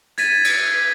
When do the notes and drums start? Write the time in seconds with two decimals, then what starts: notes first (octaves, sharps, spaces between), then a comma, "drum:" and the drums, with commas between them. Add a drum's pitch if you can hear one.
0.18 G#6 A6 B6 D#7, drum: hi-hat
0.44 drum: cymbal